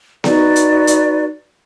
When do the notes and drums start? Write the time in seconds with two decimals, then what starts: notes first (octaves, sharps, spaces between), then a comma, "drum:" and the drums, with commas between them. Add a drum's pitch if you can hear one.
0.24 D#4 F#4 B4 D5, drum: snare B3
0.56 drum: hi-hat
0.87 drum: hi-hat